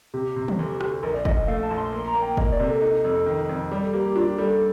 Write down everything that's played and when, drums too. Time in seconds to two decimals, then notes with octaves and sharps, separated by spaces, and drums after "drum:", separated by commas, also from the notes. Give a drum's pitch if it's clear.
0.14 C3 G4
0.36 C3
0.48 drum: tom
0.59 D2
0.81 D2, drum: rim click
1.03 A#1 A#4
1.14 D5
1.25 A#1 D#5, drum: kick
1.37 D#5
1.48 A3 F5
1.63 A5
1.71 A#1
1.78 C6
1.92 A#3 C6
2.07 A#5
2.15 A#3
2.22 G5
2.37 A#3 D#5, drum: kick
2.52 D5
2.60 C3
2.67 A4
2.82 D#4
3.04 F2
3.26 D#3
3.49 F2
3.71 G3 G4
3.83 A4
3.93 A#3 G4
4.05 G4
4.15 D4 F4
4.27 G4
4.38 G3 A4
4.50 A4